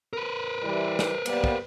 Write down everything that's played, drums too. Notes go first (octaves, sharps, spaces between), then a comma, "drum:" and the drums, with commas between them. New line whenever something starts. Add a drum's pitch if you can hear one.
A#4 B4
E3 G3
drum: snare
G3 A#3 B3, drum: cymbal
drum: kick